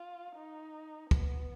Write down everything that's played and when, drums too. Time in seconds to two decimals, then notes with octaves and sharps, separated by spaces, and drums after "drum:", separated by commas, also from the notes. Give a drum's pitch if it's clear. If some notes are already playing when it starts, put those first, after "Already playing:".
Already playing: F4
0.36 D#4
1.11 B3, drum: kick